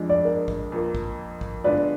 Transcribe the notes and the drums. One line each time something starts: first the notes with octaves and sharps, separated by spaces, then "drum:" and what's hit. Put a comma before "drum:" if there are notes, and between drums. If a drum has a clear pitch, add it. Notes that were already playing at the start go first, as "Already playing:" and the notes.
Already playing: F2 F3 G#3 D4
D5
A#4
drum: kick
F2 F3 A#3
drum: kick
drum: kick
D3 G#3 B3 F4 B4 D5